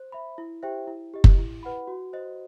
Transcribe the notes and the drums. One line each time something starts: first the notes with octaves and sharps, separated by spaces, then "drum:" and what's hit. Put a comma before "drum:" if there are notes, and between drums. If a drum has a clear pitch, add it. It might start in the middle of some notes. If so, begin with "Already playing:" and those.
Already playing: C5
E5 B5
E4
G4 C5 E5 G5
E4
G4 D#5
drum: kick F#1
E4
B4 F#5 B5
F#4
C5 D#5